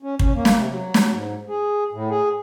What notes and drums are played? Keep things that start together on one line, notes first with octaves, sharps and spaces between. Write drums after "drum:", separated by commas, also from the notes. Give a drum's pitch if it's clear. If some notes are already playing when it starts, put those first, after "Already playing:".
C#4
C#4, drum: kick
A#3
drum: snare
C3
F#3
drum: snare
G#2
G#4
A2
G#4